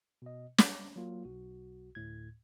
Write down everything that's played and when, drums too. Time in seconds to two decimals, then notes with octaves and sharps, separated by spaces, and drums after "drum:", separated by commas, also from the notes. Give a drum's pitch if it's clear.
0.22 B2 D#5
0.58 D6, drum: snare
0.96 F#3 A#3 F4
1.25 B1 F#4
1.95 D2 A2 G#6